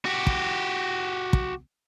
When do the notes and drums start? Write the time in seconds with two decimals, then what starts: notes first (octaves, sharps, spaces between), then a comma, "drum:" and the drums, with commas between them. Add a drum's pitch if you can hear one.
0.05 F#4 G4
0.27 drum: kick
1.33 drum: kick